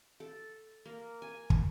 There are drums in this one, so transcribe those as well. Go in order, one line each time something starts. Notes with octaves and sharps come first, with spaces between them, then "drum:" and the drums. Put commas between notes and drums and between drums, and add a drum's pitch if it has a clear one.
A4
A#3
G#5
drum: kick